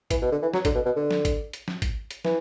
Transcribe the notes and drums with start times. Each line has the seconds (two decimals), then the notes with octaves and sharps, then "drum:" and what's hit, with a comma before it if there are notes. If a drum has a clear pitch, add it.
0.11 E3, drum: kick G#1, hi-hat
0.22 B2
0.32 D3
0.43 E3
0.54 F#3, drum: snare
0.65 D3, drum: kick G#1, hi-hat
0.75 B2
0.85 B2
0.96 D3
1.11 drum: snare
1.25 drum: kick G#1, hi-hat
1.53 drum: hi-hat
1.68 drum: snare
1.82 drum: kick G#1, hi-hat
2.11 drum: hi-hat
2.25 E3, drum: snare